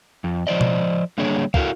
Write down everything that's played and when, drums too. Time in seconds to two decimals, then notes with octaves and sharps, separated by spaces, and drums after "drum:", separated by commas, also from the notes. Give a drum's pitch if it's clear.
0.24 F2
0.47 F3 C5 D5 D#5
0.61 drum: tom B2
1.18 D3 G3 A#3 D4 G#4 C#5
1.54 E4 F#4 A4 A#4 F5, drum: kick